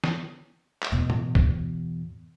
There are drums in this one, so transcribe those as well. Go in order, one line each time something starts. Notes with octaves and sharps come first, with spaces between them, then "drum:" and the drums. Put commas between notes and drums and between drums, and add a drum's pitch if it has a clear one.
drum: snare
drum: clap
E2 B2
drum: tom
drum: kick